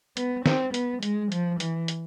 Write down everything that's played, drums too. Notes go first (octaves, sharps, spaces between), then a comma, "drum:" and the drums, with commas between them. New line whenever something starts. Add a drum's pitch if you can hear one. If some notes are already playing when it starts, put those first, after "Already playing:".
B3, drum: hi-hat
C4, drum: snare
B3, drum: hi-hat
G#3, drum: hi-hat
F3, drum: hi-hat
E3, drum: hi-hat
drum: hi-hat